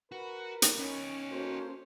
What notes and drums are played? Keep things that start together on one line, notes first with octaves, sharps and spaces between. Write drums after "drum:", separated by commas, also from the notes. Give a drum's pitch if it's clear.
F#4 A#4 B4
drum: hi-hat
C#4 D#4 C#5
A#3 F#4 A4 C5